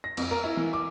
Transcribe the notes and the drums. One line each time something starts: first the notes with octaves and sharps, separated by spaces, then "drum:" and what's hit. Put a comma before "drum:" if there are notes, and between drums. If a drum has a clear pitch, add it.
A#6
F2, drum: cymbal
A#4
E4
E3
D6